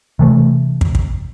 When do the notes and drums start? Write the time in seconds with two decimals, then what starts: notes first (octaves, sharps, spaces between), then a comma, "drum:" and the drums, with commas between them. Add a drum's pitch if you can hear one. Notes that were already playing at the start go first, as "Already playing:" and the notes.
0.19 C3 E3 A3
0.81 drum: kick
0.95 drum: kick